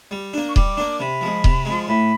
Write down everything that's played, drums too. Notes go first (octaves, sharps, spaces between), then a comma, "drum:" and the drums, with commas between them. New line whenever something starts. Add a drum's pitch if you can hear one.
G3
A#3 D4
C#6
G3 D6, drum: kick D#1
A#3 D4
C3 B5
F3 G#3
C3, drum: kick D#1
F3 G#3
C6
A2 B5